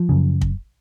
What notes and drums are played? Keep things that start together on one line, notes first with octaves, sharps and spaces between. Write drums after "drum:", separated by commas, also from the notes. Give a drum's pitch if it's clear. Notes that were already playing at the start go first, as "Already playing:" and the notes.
Already playing: F3
F#2 C#3
drum: kick